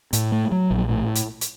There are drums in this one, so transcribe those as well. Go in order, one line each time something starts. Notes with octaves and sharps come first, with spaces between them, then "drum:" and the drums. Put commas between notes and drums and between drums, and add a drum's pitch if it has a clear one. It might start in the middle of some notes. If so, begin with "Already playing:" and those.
A2, drum: hi-hat
A3
F#3
A#1
A2
drum: hi-hat
drum: hi-hat